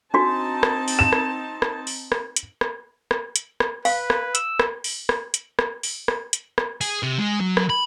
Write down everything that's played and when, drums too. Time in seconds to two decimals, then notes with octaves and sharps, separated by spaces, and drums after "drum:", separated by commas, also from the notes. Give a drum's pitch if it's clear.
0.14 C4 D4 D#4 F#4 A5
0.63 drum: rim click
0.88 drum: open hi-hat
0.99 E7
1.13 drum: rim click
1.62 drum: rim click
1.87 drum: open hi-hat
2.12 drum: rim click
2.36 drum: hi-hat
2.61 drum: rim click
3.11 drum: rim click
3.36 drum: hi-hat
3.60 drum: rim click
3.85 B4 F5, drum: open hi-hat
4.10 drum: rim click
4.35 E6, drum: hi-hat
4.60 drum: rim click
4.84 drum: open hi-hat
5.09 drum: rim click
5.34 drum: hi-hat
5.59 drum: rim click
5.83 drum: open hi-hat
6.08 drum: rim click
6.33 drum: hi-hat
6.58 drum: rim click
6.81 G#4, drum: open hi-hat
7.03 C3
7.19 G#3
7.41 F#3
7.57 drum: rim click
7.70 B5